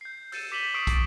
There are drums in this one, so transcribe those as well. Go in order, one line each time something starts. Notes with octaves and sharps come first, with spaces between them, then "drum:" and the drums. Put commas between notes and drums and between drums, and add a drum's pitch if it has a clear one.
G6 C7
E6 G6 A6 C#7 D#7 E7, drum: open hi-hat
D6 B6 D#7 E7 F#7 G7
C#6 D#6 E6 C7 D7
C#6 D6 A6, drum: kick, hi-hat